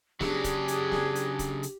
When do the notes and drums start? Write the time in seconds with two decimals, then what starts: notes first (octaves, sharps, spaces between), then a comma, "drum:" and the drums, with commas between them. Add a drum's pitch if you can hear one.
0.21 C#3 F#3 D4 G4 G#4, drum: snare
0.44 drum: kick, hi-hat
0.68 drum: hi-hat
0.92 drum: snare
1.15 drum: hi-hat
1.39 drum: kick, hi-hat
1.63 drum: hi-hat